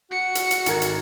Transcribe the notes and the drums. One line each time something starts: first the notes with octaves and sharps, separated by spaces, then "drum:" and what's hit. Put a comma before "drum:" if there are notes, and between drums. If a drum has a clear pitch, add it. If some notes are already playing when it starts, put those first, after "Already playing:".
F#4 C#7
drum: hi-hat
drum: hi-hat
G#1 A#4 G#6, drum: hi-hat
drum: hi-hat